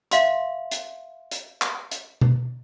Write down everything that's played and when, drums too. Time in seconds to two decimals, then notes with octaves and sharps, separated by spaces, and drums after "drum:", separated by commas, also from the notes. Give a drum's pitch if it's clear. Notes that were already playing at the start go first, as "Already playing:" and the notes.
0.11 E5 F5 C6, drum: hi-hat
0.71 drum: hi-hat
1.31 drum: hi-hat
1.61 drum: clap
1.91 drum: hi-hat
2.21 drum: tom B2